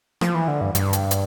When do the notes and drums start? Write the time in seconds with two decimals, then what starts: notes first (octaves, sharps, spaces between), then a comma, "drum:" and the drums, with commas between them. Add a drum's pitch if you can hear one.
0.21 F3, drum: rim click
0.35 E3
0.48 D3
0.61 G2
0.75 G2, drum: hi-hat
0.93 drum: hi-hat
1.11 drum: hi-hat